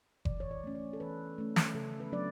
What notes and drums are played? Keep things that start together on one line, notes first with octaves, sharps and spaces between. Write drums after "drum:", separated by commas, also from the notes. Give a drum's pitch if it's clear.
E3 D5, drum: kick F#1
C#5
D5
A3 C#4
D5
A4
E3 B4
A3 C#4
drum: snare
C#3 A4
B4
F#3 B3 D4 D5